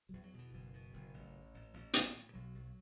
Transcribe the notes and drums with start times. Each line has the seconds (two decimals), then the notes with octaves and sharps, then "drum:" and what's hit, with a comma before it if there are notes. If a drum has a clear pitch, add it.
0.09 E2 F#3
0.23 F#3
0.34 B2
0.39 E3
0.54 F#1 E3
0.73 B2
0.93 F#1
1.14 A1
1.34 A2
1.54 A1
1.74 A1
1.93 A2, drum: hi-hat
2.14 A2
2.34 B1 F#3
2.55 B1